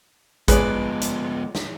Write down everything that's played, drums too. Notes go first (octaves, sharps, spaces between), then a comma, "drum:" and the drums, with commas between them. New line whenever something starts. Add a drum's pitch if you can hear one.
F3 G#3 B3 G#4 B4 D5, drum: kick G#1, hi-hat
drum: hi-hat
drum: snare